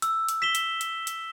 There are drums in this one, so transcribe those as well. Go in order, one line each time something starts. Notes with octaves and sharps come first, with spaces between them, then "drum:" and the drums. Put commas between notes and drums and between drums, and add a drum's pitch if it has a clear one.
E6, drum: hi-hat
drum: hi-hat
B6 E7 G7
drum: hi-hat
drum: hi-hat
drum: hi-hat